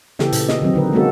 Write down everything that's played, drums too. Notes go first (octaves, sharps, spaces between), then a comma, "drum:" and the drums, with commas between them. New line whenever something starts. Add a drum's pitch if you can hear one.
C#3 E3 G4 A4, drum: snare
A#2, drum: hi-hat
D#5, drum: snare
D#3 F#3 C4
D3 D#4 B4
G#3 A#3 B3 C#4 F#4 A4